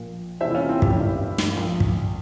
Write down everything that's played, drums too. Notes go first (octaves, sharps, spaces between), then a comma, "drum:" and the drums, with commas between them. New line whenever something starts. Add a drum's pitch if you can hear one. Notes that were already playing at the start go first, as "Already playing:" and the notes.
Already playing: A#1 A#2 F3
E1 E2 C3 E3 C5 E5
E4
C#4 F4
C4 E4
E4 G4, drum: kick
G1 G2 E3
drum: snare
A#1 A#2 F3
drum: kick